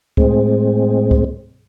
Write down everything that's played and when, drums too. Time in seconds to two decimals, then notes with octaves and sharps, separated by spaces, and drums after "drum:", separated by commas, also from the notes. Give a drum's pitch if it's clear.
0.17 A2 G#3 C4, drum: kick C#2
1.11 drum: kick C#2